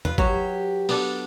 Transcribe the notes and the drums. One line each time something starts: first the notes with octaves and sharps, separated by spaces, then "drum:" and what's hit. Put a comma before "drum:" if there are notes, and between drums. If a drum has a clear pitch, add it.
F4 B4, drum: tom E2
F#3 F#4 G4 C#5, drum: kick
B3 D4 A4, drum: open hi-hat